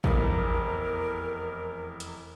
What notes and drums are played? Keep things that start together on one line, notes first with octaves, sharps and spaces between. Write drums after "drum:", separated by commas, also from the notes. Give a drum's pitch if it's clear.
F1 E2 A#4, drum: kick
drum: hi-hat